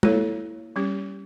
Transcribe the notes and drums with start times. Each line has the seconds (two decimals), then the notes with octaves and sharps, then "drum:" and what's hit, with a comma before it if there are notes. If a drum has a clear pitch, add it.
0.03 A#3 E4 A4 C#5, drum: tom G#3
0.76 G3 C#4 G4